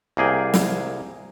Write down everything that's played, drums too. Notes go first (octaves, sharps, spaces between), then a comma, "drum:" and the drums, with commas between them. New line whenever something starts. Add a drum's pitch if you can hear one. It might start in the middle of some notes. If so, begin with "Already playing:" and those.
C2 A#3 G#4 G5
drum: snare